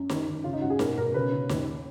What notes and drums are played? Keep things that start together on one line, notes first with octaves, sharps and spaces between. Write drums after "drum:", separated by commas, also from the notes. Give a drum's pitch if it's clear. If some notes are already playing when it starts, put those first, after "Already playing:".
Already playing: F#2
D#3, drum: snare D#4
D#3
C#3 F4
D#4
F#2 F#4
G#4
B2 A#4, drum: snare D#4
B2 A#4
C#3 B4
C#3
D#2, drum: snare D#4